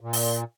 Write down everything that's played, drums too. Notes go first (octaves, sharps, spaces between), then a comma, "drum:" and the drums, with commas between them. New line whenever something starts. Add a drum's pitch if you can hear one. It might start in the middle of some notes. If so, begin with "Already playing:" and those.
A#2
drum: open hi-hat